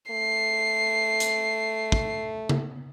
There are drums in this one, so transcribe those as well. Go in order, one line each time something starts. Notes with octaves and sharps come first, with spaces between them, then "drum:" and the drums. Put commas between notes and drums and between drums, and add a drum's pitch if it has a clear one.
A3 C7
drum: hi-hat
drum: kick
drum: tom C#3